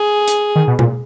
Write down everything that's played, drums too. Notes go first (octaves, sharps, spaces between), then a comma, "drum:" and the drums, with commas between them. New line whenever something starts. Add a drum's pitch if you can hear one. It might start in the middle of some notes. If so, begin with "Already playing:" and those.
Already playing: G#4
drum: hi-hat
D#3
B2
A#2, drum: tom B2